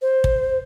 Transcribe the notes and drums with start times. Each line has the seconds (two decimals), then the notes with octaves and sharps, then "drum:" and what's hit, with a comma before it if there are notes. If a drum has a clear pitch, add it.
0.02 C5
0.24 drum: kick